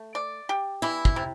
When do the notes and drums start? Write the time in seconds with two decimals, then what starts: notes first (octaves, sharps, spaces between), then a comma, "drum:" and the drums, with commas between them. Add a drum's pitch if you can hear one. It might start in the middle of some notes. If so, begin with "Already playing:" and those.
Already playing: A3
0.15 D5
0.49 G4
0.82 E3 E4
1.05 drum: kick
1.16 C3